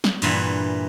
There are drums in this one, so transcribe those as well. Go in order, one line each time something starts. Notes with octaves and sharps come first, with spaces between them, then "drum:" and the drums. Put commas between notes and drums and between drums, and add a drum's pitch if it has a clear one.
drum: snare
G2 A#2 E3 F#5, drum: cymbal